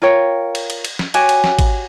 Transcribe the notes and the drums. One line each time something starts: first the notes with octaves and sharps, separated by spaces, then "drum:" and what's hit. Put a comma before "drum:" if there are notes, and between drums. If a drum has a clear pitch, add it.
F4 A#4 C#5 G5
drum: cymbal
drum: cymbal
drum: cymbal
drum: snare
F#4 G4 C#5 G#5, drum: cymbal
drum: cymbal
drum: snare
drum: kick G#1, cymbal